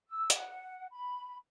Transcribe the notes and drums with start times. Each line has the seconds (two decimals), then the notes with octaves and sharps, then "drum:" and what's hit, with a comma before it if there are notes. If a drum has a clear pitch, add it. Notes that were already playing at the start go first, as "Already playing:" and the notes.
0.08 E6
0.30 F#5, drum: hi-hat
0.91 B5